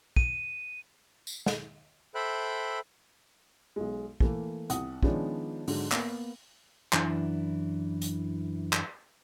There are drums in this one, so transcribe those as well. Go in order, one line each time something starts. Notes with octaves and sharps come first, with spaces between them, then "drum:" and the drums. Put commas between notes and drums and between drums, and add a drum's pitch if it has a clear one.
D#7, drum: kick
drum: tambourine
drum: snare
A4 C5 E5 G5 B5 F#6
B1 G#3
E3 A3 A#3, drum: kick
C2 F#5 D#6, drum: hi-hat
D#3 F3 G#3 B3 C#4 D4, drum: kick
G#2 D3 F#3, drum: open hi-hat
A#3 B3, drum: clap
F#2 E3 D4 E4, drum: clap
drum: hi-hat
drum: clap